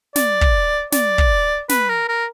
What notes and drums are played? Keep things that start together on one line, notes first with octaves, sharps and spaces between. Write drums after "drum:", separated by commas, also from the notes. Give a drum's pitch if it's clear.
D5, drum: snare
drum: kick
D5, drum: snare
drum: kick
B4, drum: snare
A#4
A#4